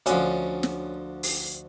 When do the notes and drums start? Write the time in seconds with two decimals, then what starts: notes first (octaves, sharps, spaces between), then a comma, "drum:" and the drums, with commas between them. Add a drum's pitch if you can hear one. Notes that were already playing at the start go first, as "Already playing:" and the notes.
0.06 D2 D3 F3 C#4, drum: hi-hat
0.63 drum: snare
1.23 drum: open hi-hat